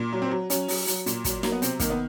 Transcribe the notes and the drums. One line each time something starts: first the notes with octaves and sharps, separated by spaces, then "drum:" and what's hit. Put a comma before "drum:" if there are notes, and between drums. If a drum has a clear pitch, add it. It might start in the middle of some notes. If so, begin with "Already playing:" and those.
Already playing: A#2
F#3
C4
F#3
F#3 C#4, drum: hi-hat
F#3, drum: open hi-hat
F#3, drum: hi-hat
A#2, drum: hi-hat
F#3, drum: kick, hi-hat
F#3 A#3, drum: snare
B3
C3 C4, drum: hi-hat
D#3 A#3, drum: kick, hi-hat
B3